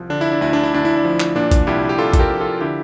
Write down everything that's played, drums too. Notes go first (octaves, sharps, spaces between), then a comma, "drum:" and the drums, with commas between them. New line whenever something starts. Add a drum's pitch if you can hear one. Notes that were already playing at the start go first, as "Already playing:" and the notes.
Already playing: C2 F3
D3 D4
E4
D4
D2 E4
D4
E4
D2 D4
E4
D4
F3
drum: clap
A#2 D4
drum: kick A#1, hi-hat
C2 E4 G4
G4
C2 F4 A4
A4, drum: kick A#1, hi-hat
G4 A#4
F3
F4 A4
D3 E4 G4